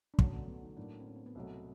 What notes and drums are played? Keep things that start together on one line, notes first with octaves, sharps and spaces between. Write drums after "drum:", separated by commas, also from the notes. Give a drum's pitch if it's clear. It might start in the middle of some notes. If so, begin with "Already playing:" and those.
D4
D3 F#3 A3 C#4, drum: kick
B3
B3
D#4
A2 F#3 A#3 D4
C4
C#4
C4
B3
C2 B2 F#3 A3